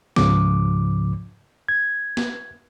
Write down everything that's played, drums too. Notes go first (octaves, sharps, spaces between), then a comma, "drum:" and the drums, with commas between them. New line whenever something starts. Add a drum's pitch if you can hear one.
C#2 G#2 C#3 F3 D6, drum: snare
G#6
drum: snare